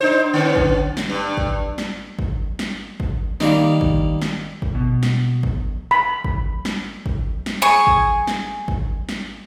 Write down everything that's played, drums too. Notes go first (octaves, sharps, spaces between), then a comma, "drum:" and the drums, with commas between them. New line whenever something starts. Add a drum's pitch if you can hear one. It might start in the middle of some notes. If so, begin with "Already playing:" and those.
D4 D#4 C5
D3 B3 C#4
drum: kick G#1
drum: snare
G2
drum: kick G#1
drum: snare
drum: kick G#1
drum: snare
drum: kick G#1
D#3 G3 A#3, drum: snare
drum: kick G#1
drum: snare
drum: kick G#1
B2
drum: snare
drum: kick G#1
B5
drum: kick G#1
drum: snare
drum: kick G#1
drum: snare
G#4 G#5 C#6
drum: kick G#1
drum: snare
drum: kick G#1
drum: snare